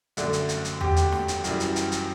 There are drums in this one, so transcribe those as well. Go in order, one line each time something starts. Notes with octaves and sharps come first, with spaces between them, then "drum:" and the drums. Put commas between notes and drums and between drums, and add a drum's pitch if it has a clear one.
F#2 D3 A3 D5, drum: hi-hat
drum: hi-hat
drum: hi-hat
drum: hi-hat
G4, drum: tom E2
drum: hi-hat
drum: snare
drum: hi-hat
F#2 E3 G3, drum: hi-hat
drum: hi-hat
drum: hi-hat
drum: hi-hat